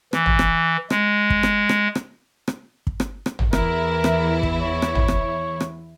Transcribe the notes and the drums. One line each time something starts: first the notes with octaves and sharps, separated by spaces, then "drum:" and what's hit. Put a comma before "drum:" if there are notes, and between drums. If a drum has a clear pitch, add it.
E3, drum: rim click
drum: tom
drum: rim click
G#3, drum: rim click
drum: kick
drum: rim click
drum: rim click
drum: rim click
drum: rim click
drum: kick
drum: rim click
drum: rim click
drum: tom
E2 E3 E4 A#4, drum: rim click
drum: rim click
drum: kick
C#5
drum: rim click
drum: tom
drum: rim click
drum: rim click